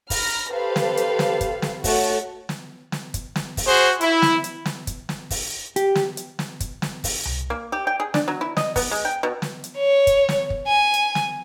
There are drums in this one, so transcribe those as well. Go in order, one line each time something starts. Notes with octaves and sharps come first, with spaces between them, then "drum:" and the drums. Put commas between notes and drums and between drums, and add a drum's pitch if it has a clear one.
A#5 B5 F6 A#6, drum: kick, open hi-hat
G4 A4 B4 C5 F5
drum: snare
drum: hi-hat
drum: snare
drum: kick, hi-hat
drum: snare
A3 F#4 C#5 F#5 A5, drum: kick, open hi-hat
drum: snare
drum: snare
drum: kick, hi-hat
drum: snare
drum: kick, open hi-hat
F#4 G#4 C5
E4, drum: hi-hat
drum: snare
drum: hi-hat
drum: snare
drum: kick, hi-hat
drum: snare
drum: kick, open hi-hat
G4, drum: hi-hat
drum: snare
drum: hi-hat
drum: snare
drum: kick, hi-hat
drum: snare
drum: kick, open hi-hat
drum: tom C2
A#3
G4
G5
G#4
D4, drum: snare
F#3
E4
D#5, drum: snare
B3, drum: kick, open hi-hat
G#3
G5
B2
drum: snare
drum: hi-hat
C#5
drum: kick, hi-hat
drum: snare
drum: kick
G#5
drum: hi-hat
drum: snare